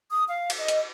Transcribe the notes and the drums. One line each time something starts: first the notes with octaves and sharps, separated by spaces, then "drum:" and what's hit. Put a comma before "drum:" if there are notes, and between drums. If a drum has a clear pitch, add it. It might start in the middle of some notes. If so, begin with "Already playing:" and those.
D#6
F5
drum: cymbal
D#5
drum: hi-hat